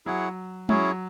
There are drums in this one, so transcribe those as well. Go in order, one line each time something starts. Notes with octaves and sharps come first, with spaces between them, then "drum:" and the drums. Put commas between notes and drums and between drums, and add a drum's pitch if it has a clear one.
F#3 E4 G#4 C#5 F#5
F#3 C#4 E4 G#4 C#5, drum: tom G#3